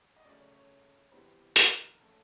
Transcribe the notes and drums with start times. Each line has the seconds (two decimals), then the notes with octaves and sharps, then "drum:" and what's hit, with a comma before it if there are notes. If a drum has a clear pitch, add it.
0.16 D#5
0.25 C#3 F#3 A3 C#4 D5
0.40 C#5
0.54 C#5
1.12 C3 E3 G3 B3 C5
1.56 A#4, drum: hi-hat
1.99 F3 A3 C#4 A4